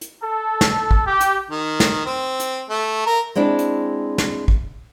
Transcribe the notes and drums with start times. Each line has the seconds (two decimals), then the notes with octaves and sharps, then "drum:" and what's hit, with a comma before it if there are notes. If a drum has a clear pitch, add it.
0.01 drum: hi-hat
0.23 A4
0.61 drum: snare
0.91 drum: kick
1.07 G4
1.20 drum: hi-hat
1.50 D#3
1.80 drum: snare
2.06 C4
2.40 drum: hi-hat
2.69 A3
3.06 A#4
3.35 G#3 C4 D4 E4
3.59 drum: hi-hat
4.18 drum: snare
4.48 drum: kick